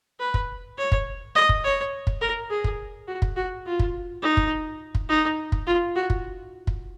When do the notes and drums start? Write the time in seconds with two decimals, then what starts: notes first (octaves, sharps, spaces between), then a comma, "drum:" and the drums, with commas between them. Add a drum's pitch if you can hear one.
0.20 B4
0.34 drum: kick
0.77 C#5
0.92 drum: kick
1.35 D#5
1.49 drum: kick
1.64 C#5
2.07 drum: kick
2.21 A#4
2.50 G#4
2.64 drum: kick
3.07 F#4
3.22 drum: kick
3.36 F#4
3.66 F4
3.79 drum: kick
4.23 D#4
4.37 drum: kick
4.95 drum: kick
5.09 D#4
5.52 drum: kick
5.67 F4
5.96 F#4
6.10 drum: kick
6.67 drum: kick